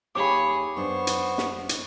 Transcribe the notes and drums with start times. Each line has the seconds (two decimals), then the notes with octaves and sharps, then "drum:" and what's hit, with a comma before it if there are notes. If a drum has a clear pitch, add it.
0.15 D#2 G4 G#4 C#5 F5 B5 D6
0.76 F#2 B3 D4 C5 C#6
1.07 drum: hi-hat
1.38 drum: snare
1.69 drum: hi-hat